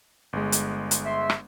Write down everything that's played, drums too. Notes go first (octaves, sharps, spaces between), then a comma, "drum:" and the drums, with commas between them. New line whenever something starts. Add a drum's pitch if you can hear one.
G1 G#3
drum: hi-hat
drum: hi-hat
E5 C6
drum: rim click